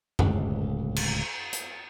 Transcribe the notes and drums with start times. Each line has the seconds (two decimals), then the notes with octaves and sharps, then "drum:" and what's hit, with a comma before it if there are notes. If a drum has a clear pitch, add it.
0.19 D1 C#2, drum: tom F#2
0.96 drum: cymbal
1.53 drum: hi-hat